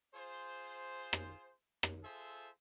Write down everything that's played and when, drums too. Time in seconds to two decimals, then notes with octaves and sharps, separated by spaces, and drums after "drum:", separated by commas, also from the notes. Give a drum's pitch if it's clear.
0.14 F4 G#4 C5
1.13 drum: rim click
1.83 drum: rim click
2.04 F4 G#4 A4 C5 E5